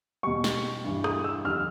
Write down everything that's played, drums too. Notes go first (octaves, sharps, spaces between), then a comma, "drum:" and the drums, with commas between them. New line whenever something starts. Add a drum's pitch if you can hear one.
B2 G3 C#6
drum: snare
G2 E3 G3
D#6, drum: rim click
E6
F2 D3 G3 F6